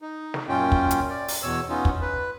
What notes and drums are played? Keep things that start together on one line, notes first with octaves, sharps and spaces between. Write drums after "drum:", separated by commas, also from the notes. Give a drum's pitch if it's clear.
D#4
drum: snare
F#2 A#2 C#4 F4 G5
drum: kick
drum: hi-hat
D5
drum: open hi-hat
E2 B2 C#5 E6
B3 C#4 D#4 F4
drum: kick
B4